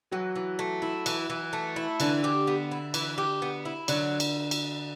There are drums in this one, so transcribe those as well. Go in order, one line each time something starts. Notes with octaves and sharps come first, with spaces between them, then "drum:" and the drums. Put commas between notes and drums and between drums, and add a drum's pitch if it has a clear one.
E3 F#3 F#4
E3
A3
E4
E3, drum: cymbal
E3
A3
E4
D3 E3 D4, drum: cymbal
G4
B3
E4
E3, drum: cymbal
G4
B3
E4
D3 F#3 D4, drum: cymbal
drum: cymbal
drum: cymbal